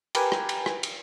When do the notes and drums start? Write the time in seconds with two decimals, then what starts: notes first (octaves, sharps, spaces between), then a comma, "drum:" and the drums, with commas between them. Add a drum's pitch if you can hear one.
0.15 G4 A#4 B4 G5 G#5, drum: cymbal
0.32 drum: rim click
0.49 drum: cymbal
0.66 drum: rim click
0.83 drum: cymbal